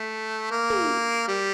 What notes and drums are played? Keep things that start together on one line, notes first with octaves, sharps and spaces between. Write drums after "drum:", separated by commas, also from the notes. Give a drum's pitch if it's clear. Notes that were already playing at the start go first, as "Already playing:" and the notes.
Already playing: A3
A#3
drum: tom
G3